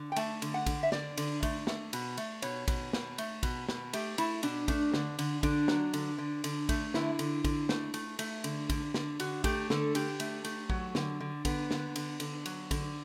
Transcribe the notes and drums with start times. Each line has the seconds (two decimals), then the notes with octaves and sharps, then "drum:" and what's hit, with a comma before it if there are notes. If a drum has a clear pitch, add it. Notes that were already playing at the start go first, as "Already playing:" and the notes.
Already playing: D3
0.12 G5
0.16 A3 A5, drum: cymbal
0.42 D3, drum: cymbal
0.54 F#5
0.66 D3, drum: kick, cymbal
0.83 E5
0.92 D3 D5, drum: snare
1.17 D3, drum: cymbal
1.43 A3, drum: kick, cymbal
1.67 A3, drum: snare
1.93 B2, drum: cymbal
2.17 A3, drum: cymbal
2.42 B2 C#5, drum: cymbal
2.68 B2, drum: kick, cymbal
2.93 B2, drum: snare
3.18 A3, drum: cymbal
3.43 B2, drum: kick, cymbal
3.69 B2, drum: snare
3.93 A3 G4, drum: cymbal
4.18 A3 E4, drum: cymbal
4.43 B2 D4, drum: cymbal
4.68 A3 D4, drum: kick, cymbal
4.94 D3, drum: snare
5.19 D3, drum: cymbal
5.43 D3 D4, drum: kick, cymbal
5.68 F#3, drum: snare
5.94 D3, drum: cymbal
6.18 D3
6.44 D3, drum: cymbal
6.69 A3, drum: kick, cymbal
6.94 D3 E4, drum: snare
7.19 D3, drum: cymbal
7.44 D3, drum: kick, cymbal
7.69 A3, drum: snare
7.94 A3, drum: cymbal
8.19 A3, drum: cymbal
8.44 D3, drum: cymbal
8.70 D3, drum: kick, cymbal
8.94 D3, drum: snare
9.20 D3 F#4, drum: cymbal
9.44 A3 G4, drum: kick, cymbal
9.70 D3 A4, drum: snare
9.95 D3 G4, drum: cymbal
10.20 A3, drum: cymbal
10.45 A3, drum: cymbal
10.70 F#3, drum: kick
10.95 D3, drum: snare
11.20 D3
11.45 D3 B3, drum: kick, cymbal
11.71 D3, drum: snare
11.96 D3, drum: cymbal
12.20 D3, drum: cymbal
12.46 F#3, drum: cymbal
12.71 D3, drum: kick, cymbal